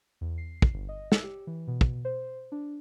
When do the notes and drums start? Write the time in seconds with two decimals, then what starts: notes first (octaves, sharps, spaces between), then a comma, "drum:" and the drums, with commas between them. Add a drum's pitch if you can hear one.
0.21 E2
0.38 C7
0.62 drum: kick
0.74 G1
0.89 D#5
1.12 E6, drum: snare
1.23 G4
1.47 E3
1.68 B2
1.81 drum: kick
2.05 C5
2.52 D4